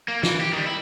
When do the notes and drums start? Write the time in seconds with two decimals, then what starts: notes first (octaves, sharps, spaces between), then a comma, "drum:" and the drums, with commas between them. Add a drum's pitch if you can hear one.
0.08 A#3
0.23 E3, drum: snare
0.41 G4
0.53 D#3 G3
0.66 E4